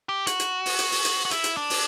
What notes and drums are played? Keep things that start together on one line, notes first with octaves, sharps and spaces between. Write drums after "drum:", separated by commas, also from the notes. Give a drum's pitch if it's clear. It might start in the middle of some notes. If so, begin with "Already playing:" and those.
G4
F#4, drum: hi-hat
drum: hi-hat
drum: open hi-hat
drum: hi-hat
drum: open hi-hat
drum: hi-hat
F#4
E4, drum: hi-hat
drum: hi-hat
D4
drum: open hi-hat